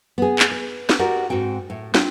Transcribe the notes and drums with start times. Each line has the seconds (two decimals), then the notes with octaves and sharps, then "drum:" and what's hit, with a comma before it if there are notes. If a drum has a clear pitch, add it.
0.18 B3 G#4
0.39 drum: clap
0.51 B4
0.90 drum: snare
0.99 F#4 G4 A#4 D5 F#5
1.30 G#2 C4 F#4 G5
1.70 A2
1.94 C4 D4 F4, drum: snare